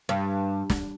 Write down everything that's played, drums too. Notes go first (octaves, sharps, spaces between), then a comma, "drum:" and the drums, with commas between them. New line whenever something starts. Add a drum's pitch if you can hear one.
G2
drum: snare